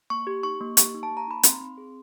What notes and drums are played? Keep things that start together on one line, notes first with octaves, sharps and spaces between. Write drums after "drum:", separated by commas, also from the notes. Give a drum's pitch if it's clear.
A#3 C#6
G4
D#4 C#6
A#3
G4 C#6, drum: hi-hat
D#4
A5
A#3
A#5
D#4 B5
C4 C6, drum: hi-hat
C4
G#4